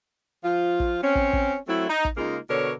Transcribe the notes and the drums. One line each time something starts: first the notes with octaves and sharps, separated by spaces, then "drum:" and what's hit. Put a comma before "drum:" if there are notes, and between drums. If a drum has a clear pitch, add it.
F3 F4
drum: kick
C4 C#4
drum: kick
drum: kick
F#3 A3 C4 E4
D#4
drum: kick
C#3 G#3 A#3 D#4 F4
B2 D3 A#4 C#5